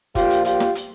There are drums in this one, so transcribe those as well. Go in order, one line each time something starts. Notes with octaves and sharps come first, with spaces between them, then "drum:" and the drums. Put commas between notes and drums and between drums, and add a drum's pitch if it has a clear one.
A#2 F3 F4 G4, drum: kick F#1, hi-hat
drum: hi-hat
F4 G4, drum: hi-hat
drum: snare
drum: hi-hat